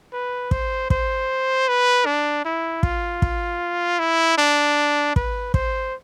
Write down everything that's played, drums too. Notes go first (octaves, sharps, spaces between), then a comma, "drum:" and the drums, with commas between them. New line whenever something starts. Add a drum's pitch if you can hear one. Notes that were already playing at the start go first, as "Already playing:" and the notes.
B4
C5, drum: kick
C5, drum: kick
B4
D4
E4
F4, drum: kick
drum: kick
E4
D4
B4, drum: kick
C5, drum: kick